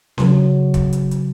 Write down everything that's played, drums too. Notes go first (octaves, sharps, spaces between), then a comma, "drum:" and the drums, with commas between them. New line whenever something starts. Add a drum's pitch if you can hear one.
C#3 F#3, drum: snare C#4
drum: kick, hi-hat
drum: hi-hat
drum: hi-hat